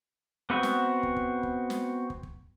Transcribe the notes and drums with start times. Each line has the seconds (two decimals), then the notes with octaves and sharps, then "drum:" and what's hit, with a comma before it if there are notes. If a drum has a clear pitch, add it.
0.50 B3 C4 F#4 B4 E5
0.63 drum: snare
1.03 drum: kick
1.17 drum: kick
1.43 drum: kick
1.70 drum: snare
2.10 drum: kick
2.23 drum: kick